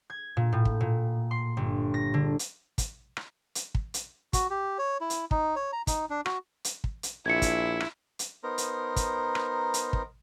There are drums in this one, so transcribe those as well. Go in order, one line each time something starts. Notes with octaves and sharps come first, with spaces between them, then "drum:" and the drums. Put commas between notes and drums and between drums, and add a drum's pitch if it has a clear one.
G#6
A#2
A2
drum: kick
A#2
C6
G1
A#6
D3
drum: hi-hat
drum: kick, hi-hat
drum: rim click
drum: hi-hat
drum: kick
drum: hi-hat
F#4, drum: kick, hi-hat
G4
C#5
E4
drum: hi-hat
D#4, drum: kick
C#5
A#5
D#4, drum: kick, hi-hat
D4
F#4, drum: rim click
drum: hi-hat
drum: kick
drum: hi-hat
A#1 E4 G#6 C#7
drum: kick, hi-hat
drum: rim click
drum: hi-hat
B3 D#4 A#4 C5 A#5
drum: hi-hat
drum: kick, hi-hat
drum: rim click
drum: hi-hat
drum: kick